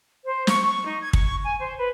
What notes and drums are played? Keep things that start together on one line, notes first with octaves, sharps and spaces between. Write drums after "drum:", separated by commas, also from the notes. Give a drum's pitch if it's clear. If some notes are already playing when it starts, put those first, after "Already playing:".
C5
C#6, drum: snare
C#6
D#4
G#6
C#6, drum: kick
G#5
C5
B4